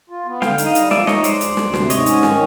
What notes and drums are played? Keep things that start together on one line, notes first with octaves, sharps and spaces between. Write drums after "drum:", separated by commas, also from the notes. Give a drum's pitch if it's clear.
F4
B3
D3 F5 G5, drum: snare
D#4, drum: hi-hat
D#5 F5
G3, drum: hi-hat
F3 D5 E5, drum: snare
D#4 C#5 D#5, drum: snare
G#3 C5 D5, drum: hi-hat
D2, drum: hi-hat
D2, drum: snare
C3, drum: snare
G#2 C#5 D#5, drum: hi-hat
C#4, drum: hi-hat
D#3, drum: snare